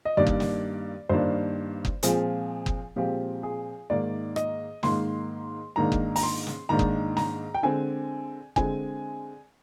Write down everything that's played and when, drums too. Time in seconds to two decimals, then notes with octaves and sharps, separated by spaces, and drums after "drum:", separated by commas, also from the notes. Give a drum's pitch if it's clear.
0.05 D#5
0.17 G2 D#3 A#3 D4 D5
0.27 drum: kick F#1
0.40 drum: snare
1.09 G2 D#3 A#3 D4 C5
1.85 drum: kick F#1
2.03 A#2 F3 G#3 C4 G#4, drum: hi-hat
2.66 drum: kick F#1
2.96 A#2 F3 G#3 C4 G4
3.43 G#4
3.90 G#2 D#3 A#3 D5
4.36 D#5, drum: rim click
4.83 G#2 D#3 A#3 C6, drum: snare
5.76 G#2 D#3 A#3 D4 A#5
5.92 drum: kick F#1
6.16 A#5, drum: open hi-hat
6.23 C6
6.47 drum: snare
6.69 G#2 D#3 A#3 D4 A#5
6.79 drum: kick F#1
7.17 A#5, drum: snare
7.54 G5
7.63 D3 G#3 C4 G#5
8.56 D3 G#3 C4 G#5, drum: kick F#1